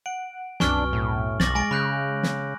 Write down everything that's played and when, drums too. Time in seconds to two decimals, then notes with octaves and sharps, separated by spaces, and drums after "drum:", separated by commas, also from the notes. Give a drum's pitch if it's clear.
0.06 F#5 D7
0.60 C2 F#2 B2 D4 G#5 C#6 F6, drum: snare
0.93 A2
1.40 B1 D6 A6 A#6 F#7, drum: snare
1.55 G#3 G#5 A#6 D7
1.71 C#3 B5 F#6 G6
2.23 drum: snare